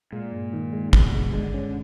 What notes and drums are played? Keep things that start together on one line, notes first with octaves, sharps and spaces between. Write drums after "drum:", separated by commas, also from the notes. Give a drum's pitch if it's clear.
A#2 G#3
G2
D#3
G#3
G2 B2, drum: kick
G#3
D3 G#3
C#4